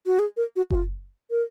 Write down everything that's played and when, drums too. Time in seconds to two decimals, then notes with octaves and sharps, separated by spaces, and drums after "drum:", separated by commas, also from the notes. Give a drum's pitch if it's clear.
0.06 F#4
0.19 G#4
0.37 A#4
0.56 F#4
0.70 F#4, drum: kick F#1
0.75 F4
1.31 A#4